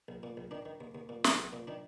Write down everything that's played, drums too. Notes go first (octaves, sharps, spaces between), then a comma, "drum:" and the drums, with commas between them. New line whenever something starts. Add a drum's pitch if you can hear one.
A#1
A#2
A#1
D#3 D4
D#3
D#2
D#2
A#2
A#1, drum: snare
A#1
A#2
D#3 D4